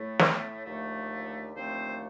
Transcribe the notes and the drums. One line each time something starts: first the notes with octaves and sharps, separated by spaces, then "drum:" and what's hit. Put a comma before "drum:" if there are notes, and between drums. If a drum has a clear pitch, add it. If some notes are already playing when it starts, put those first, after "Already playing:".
Already playing: A2 A3
drum: snare
D#2 D3 F3 A3
D#2 D3 F3 A3 C4 C5